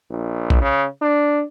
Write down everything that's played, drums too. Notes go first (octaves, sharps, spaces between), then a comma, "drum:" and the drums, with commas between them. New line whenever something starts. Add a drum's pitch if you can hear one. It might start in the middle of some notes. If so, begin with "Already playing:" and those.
A#1
drum: kick A#1
C#3
D4